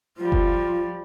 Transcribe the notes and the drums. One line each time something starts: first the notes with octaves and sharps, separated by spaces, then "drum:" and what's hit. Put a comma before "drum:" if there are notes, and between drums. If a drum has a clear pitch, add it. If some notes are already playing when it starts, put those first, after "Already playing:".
F3 G3 F4
drum: kick F#1